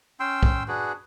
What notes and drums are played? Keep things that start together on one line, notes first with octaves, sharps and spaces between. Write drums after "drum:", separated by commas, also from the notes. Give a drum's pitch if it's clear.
C#4 G5 C6 E6
drum: kick
D4 F#4 G#4 B4